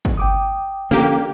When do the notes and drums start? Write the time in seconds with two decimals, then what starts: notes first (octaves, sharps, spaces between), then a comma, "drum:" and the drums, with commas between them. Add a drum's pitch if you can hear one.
0.05 drum: kick
0.17 G5 D6 D#6
0.91 D3 F3 A#3 C#4 G4